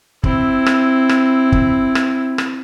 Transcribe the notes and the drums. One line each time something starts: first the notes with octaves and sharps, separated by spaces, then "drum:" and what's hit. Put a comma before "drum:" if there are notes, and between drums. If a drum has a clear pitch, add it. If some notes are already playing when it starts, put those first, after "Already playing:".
C4 E4, drum: kick
drum: rim click
drum: rim click
drum: kick
drum: rim click
drum: rim click